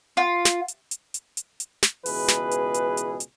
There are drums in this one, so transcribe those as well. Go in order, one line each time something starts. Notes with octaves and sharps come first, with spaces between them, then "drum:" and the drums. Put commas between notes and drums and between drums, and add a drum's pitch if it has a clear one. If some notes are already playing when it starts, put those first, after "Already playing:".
F4
drum: snare
drum: hi-hat
drum: hi-hat
drum: hi-hat
drum: hi-hat
drum: hi-hat
drum: snare
C#2 B2 E3 G#4 B4, drum: open hi-hat
drum: snare
drum: hi-hat
drum: hi-hat
drum: hi-hat
drum: hi-hat